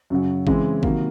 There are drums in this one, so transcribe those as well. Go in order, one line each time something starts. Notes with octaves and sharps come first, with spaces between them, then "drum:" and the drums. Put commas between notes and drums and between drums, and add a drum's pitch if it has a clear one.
F#2 C#3 F#3
C#3 E3 G#3 C4, drum: kick
C3 D#3 F#3 A#3, drum: kick